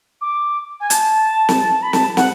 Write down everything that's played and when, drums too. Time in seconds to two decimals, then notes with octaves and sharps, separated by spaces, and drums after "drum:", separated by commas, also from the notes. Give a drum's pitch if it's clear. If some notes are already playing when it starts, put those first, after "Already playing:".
0.21 D6
0.80 G#5
0.90 A5, drum: hi-hat
1.49 drum: snare
1.82 B5
1.93 A5, drum: snare
2.17 F#5, drum: snare